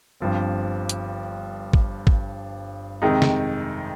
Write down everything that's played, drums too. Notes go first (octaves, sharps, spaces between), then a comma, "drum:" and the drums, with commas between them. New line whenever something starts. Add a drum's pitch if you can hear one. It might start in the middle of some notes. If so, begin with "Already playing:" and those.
G1 G2 F3 C4
drum: hi-hat
drum: kick
drum: kick
F2 C3 D#3 G#3 D#4
drum: snare